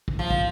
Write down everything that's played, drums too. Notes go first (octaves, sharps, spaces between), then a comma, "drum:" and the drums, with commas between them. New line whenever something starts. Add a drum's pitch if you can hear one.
drum: kick
F3
drum: kick